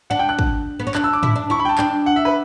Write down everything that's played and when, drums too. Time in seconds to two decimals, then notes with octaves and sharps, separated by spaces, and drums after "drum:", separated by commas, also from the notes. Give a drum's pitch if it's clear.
0.10 D4 F#5
0.19 G5
0.29 F#6
0.39 drum: kick
0.80 B3
0.87 C#4
0.95 D4 F#6, drum: clap
1.04 E6
1.13 D6
1.23 E4, drum: tom
1.36 D4
1.50 E4 C#6
1.59 B5
1.65 G5
1.69 A5
1.78 D4 G5, drum: clap
2.06 F#5
2.16 E5
2.25 B4